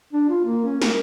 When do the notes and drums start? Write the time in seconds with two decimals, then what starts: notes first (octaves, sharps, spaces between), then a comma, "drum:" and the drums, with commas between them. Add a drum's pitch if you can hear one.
0.13 D4
0.29 F4
0.45 A#3
0.65 C#4
0.82 A#4, drum: snare